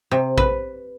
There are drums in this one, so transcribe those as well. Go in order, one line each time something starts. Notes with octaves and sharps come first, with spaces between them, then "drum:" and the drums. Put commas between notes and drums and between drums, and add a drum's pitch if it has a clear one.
C3
B4, drum: kick A#1